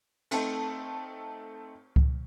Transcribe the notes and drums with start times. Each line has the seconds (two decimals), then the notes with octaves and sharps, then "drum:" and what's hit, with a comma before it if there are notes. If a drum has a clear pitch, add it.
0.31 A3 C4 D#4 A4, drum: cymbal
1.96 drum: kick C#2